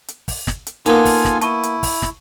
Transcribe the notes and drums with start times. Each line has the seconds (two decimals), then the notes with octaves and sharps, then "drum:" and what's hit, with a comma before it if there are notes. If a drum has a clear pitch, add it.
0.08 drum: hi-hat
0.28 drum: kick, open hi-hat
0.47 drum: snare
0.67 drum: hi-hat
0.86 A#3 B3 D#4 F4 A4 A#4 G#5 A5, drum: hi-hat
1.05 drum: kick, open hi-hat
1.25 drum: snare
1.41 E4 A5 C#6 D#7, drum: hi-hat
1.63 drum: hi-hat
1.83 drum: kick, open hi-hat
2.02 drum: snare